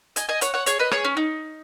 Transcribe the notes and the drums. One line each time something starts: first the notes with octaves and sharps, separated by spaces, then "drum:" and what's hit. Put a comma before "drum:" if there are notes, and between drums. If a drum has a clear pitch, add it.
D#5 G#5, drum: hi-hat
D#5 G#5
C#5 F#5, drum: hi-hat
C#5 F#5
G#4 C#5, drum: hi-hat
B4 D#5
G#4 C#5, drum: rim click
C#4
D#4